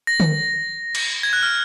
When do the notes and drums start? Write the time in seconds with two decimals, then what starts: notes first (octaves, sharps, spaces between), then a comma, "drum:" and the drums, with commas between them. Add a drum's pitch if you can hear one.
0.07 A#6
0.20 drum: tom D3
0.95 drum: cymbal
1.23 G#6
1.33 F#6
1.43 F6